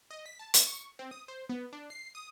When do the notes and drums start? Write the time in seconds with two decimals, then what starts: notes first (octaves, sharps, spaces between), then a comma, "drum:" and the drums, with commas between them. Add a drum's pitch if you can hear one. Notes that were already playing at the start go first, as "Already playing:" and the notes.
0.10 D#5
0.26 B6
0.39 A5
0.54 drum: hi-hat
0.67 C#6
0.99 C4
1.11 D#6
1.28 C5
1.49 B3
1.73 D4
1.90 C7
2.15 D#6